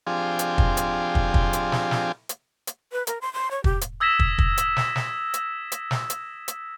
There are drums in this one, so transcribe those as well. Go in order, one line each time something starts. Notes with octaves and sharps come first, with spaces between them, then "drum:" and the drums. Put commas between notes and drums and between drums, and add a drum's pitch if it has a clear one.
F3 C4 D4 F4 G4 G#4
drum: hi-hat
drum: kick
drum: hi-hat
drum: kick
drum: kick
drum: hi-hat
drum: snare
drum: snare
drum: hi-hat
drum: hi-hat
B4
A#4, drum: hi-hat
C6
C6
C#5
G4, drum: kick
drum: hi-hat
D#6 E6 G#6 A#6 B6 E7
drum: kick
drum: kick
drum: hi-hat
drum: snare
drum: snare
drum: hi-hat
drum: hi-hat
drum: snare
drum: hi-hat
drum: hi-hat